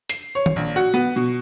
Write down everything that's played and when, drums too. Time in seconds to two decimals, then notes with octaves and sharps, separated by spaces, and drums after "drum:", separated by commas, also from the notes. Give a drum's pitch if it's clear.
0.10 C7, drum: hi-hat
0.35 C#5
0.46 drum: tom D#3
0.56 A#1
0.76 F#4
0.94 B3
1.16 B2